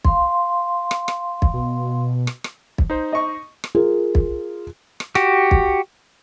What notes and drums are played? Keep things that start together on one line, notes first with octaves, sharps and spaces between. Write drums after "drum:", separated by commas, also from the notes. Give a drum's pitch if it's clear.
F5 C6, drum: kick
drum: rim click
drum: rim click
drum: kick
B2
drum: rim click
drum: rim click
drum: kick
D#4 C5
D#5 C#6
drum: rim click
F4 G#4 A#4
drum: kick
drum: rim click
F#4 G4, drum: rim click
drum: kick